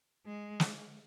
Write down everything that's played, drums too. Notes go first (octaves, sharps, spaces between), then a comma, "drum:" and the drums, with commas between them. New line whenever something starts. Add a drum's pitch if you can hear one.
G#3
drum: snare